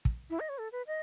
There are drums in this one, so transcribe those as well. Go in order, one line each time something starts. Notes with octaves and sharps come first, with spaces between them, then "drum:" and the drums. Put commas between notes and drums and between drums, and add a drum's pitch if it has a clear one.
drum: kick
E4
D#5
C#5
A4
B4
D#5